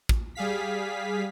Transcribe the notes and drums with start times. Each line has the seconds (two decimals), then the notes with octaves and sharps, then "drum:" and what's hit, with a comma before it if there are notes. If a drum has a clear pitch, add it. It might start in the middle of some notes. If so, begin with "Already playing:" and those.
0.09 drum: kick
0.35 G3 G#4 F5 B6